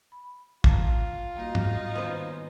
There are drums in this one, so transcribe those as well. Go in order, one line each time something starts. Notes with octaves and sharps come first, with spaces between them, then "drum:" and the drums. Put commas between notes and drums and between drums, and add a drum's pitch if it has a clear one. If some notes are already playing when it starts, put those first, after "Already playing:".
B5
F4 A5 A#5, drum: kick
G3 A#3 D#4 F#4 D#5
drum: tom
D#3 B3 C#4 C5